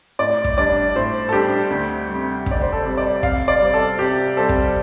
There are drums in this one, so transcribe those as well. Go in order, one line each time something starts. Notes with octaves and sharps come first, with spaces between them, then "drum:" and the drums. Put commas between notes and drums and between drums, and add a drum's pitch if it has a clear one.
A2 D5
drum: kick
G3 D4 D5
A2 C5
A4
G3 D4 G4
D2
C3 G3
D2, drum: kick
D5
C5
A4
C3 G3
D5
C3 F5, drum: kick
D5
G3 C4
A4
C3 G4
G3 C4 A4
drum: kick